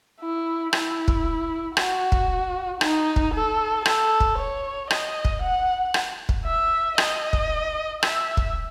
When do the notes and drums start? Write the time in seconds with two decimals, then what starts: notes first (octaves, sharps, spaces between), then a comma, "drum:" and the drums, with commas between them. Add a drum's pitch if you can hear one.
0.20 E4
0.73 E4, drum: rim click
1.08 drum: kick
1.77 F#4, drum: rim click
2.12 drum: kick
2.81 D#4, drum: rim click
3.16 drum: kick
3.34 A4
3.85 A4, drum: rim click
4.20 drum: kick
4.38 C#5
4.90 D#5, drum: rim click
5.25 drum: kick
5.42 F#5
5.94 drum: rim click
6.29 drum: kick
6.46 E5
6.98 D#5, drum: rim click
7.33 drum: kick
8.03 E5, drum: rim click
8.37 drum: kick